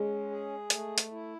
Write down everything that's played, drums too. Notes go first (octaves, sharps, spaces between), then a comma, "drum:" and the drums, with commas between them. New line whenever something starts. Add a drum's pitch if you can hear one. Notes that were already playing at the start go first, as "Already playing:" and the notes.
Already playing: G#3 C#4
G#4
A3, drum: hi-hat
drum: hi-hat
E4